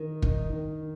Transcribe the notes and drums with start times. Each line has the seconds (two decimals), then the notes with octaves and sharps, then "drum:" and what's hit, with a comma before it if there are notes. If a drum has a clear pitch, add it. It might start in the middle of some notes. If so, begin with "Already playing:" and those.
Already playing: D#3
0.22 D#4, drum: kick
0.53 D#3